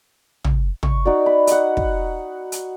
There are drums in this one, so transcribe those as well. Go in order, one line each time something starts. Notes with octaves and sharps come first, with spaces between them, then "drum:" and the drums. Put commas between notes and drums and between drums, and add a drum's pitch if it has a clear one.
drum: tom
C#6, drum: tom
D#4 F#4 D5
B5
D#5 F#5, drum: hi-hat
drum: kick
drum: hi-hat